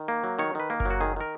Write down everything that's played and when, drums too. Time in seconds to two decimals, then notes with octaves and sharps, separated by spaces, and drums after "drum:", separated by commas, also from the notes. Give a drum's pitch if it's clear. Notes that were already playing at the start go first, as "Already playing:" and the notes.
Already playing: D#3
0.08 A#3
0.24 F#3
0.39 D#3 C#5
0.55 D#3 B4
0.70 A#3
0.80 A#4, drum: kick F#1
0.85 F#3
0.90 F#4
1.00 D#3 G#4
1.16 D#3 A#4